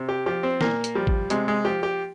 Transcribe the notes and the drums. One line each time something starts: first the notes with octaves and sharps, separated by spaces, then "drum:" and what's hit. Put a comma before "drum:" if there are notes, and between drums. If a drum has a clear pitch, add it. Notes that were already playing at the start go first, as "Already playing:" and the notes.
Already playing: C3
G4
F3 G4
C4
A#2 A#3, drum: snare
drum: hi-hat
F3 G3
drum: kick
C3 G#3, drum: hi-hat
G#3
F3 G4
G4